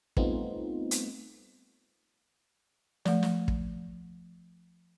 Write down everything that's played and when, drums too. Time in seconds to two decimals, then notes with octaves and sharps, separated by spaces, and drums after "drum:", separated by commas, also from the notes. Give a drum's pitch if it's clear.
0.17 G3 A3 B3 C4 D#4 F4, drum: kick
0.91 drum: hi-hat
3.05 F3 A3, drum: snare
3.23 drum: snare
3.48 drum: kick